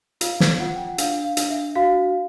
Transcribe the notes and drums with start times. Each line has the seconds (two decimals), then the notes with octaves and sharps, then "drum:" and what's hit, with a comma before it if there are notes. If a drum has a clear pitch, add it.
0.21 F4 F5, drum: hi-hat
0.40 drum: snare
0.60 F4 F#5
0.75 G5
0.87 F#5
0.98 D4 F5, drum: hi-hat
1.24 F5
1.37 D4, drum: hi-hat
1.50 E5
1.75 F#4 F5